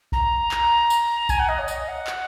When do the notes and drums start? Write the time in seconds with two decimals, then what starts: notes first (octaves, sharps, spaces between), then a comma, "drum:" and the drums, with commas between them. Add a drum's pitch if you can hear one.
0.12 A#5, drum: kick B1
0.51 drum: clap
0.90 drum: tambourine
1.29 G#5, drum: kick B1, tambourine
1.39 F#5
1.48 D#5
1.58 C#5
1.68 D#5, drum: tambourine
1.87 F#5
2.07 drum: clap